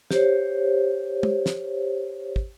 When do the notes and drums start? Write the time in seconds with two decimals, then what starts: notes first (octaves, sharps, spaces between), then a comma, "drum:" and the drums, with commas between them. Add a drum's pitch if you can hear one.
0.11 G4 C5 C#5, drum: snare
1.23 drum: tom
1.46 drum: snare
2.36 drum: kick